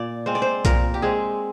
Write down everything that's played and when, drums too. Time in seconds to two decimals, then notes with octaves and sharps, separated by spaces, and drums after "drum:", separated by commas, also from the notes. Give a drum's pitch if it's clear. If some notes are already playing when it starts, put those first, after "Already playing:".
Already playing: A#2 D5
0.26 G#3 C4 C5
0.35 D5
0.42 C5
0.65 A#2 A#4, drum: kick B1, hi-hat
0.94 G4
1.02 G#3 C4 G#4